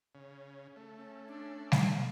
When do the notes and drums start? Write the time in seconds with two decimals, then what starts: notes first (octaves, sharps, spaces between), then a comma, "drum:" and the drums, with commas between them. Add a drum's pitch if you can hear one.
0.15 C#3
0.76 A3
0.96 C#4
1.28 D4
1.72 drum: snare G3